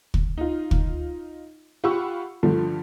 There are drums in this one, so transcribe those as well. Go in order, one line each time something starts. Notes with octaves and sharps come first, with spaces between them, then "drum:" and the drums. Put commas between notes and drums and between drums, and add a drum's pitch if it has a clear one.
drum: kick
D#4 F4
drum: kick
F4 G4 F#5 B5 C#6 E6
G2 D3 F3 A3